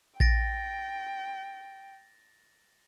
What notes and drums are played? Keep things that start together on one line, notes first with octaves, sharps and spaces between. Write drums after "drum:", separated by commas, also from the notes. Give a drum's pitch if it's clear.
G5 A6 A#6 D7, drum: kick A#1